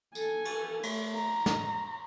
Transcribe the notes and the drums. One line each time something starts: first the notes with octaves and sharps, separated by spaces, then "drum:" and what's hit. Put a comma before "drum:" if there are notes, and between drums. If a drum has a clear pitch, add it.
A4 G#5, drum: tambourine
drum: cymbal
A3, drum: cymbal
A#5
drum: snare